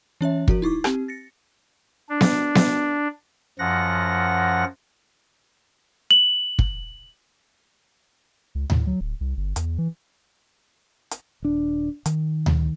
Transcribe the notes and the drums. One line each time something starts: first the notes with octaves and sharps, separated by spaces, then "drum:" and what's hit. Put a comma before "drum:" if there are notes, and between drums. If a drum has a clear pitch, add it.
E3 C#4 C#5 E5
F3 F#4 A#4, drum: kick
D#4 E4 C#6 D6
C4 G4, drum: rim click
A6 A#6 C#7
D4
drum: snare B3
drum: snare B3
F#2 F3 F#5 A#6
F#7
drum: kick
C#2
A2, drum: tom D2
F#3
D1
C2
G1
E2, drum: hi-hat
E3
drum: hi-hat
D#1 D4
D#3, drum: hi-hat
drum: tom D2